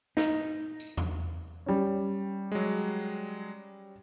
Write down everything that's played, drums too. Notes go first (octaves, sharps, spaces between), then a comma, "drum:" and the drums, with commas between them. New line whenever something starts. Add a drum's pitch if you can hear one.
D#4, drum: snare
drum: tambourine
drum: tom E2
G3 C#4
F#3 G#3